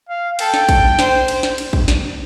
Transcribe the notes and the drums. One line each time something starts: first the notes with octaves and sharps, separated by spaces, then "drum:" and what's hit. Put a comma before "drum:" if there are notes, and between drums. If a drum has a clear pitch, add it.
F5
A4 G5, drum: cymbal
drum: snare
drum: kick, cymbal
C5, drum: snare
drum: cymbal
drum: snare
drum: cymbal
drum: kick
drum: snare